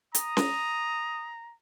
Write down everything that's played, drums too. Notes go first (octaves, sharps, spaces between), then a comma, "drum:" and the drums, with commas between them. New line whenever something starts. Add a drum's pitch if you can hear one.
A#5 D#6, drum: hi-hat
drum: snare C#4